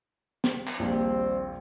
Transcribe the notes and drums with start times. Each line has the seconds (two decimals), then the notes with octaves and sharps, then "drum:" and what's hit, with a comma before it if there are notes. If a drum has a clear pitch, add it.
0.44 drum: snare
0.67 drum: clap
0.79 A#1 D#2 G3 C4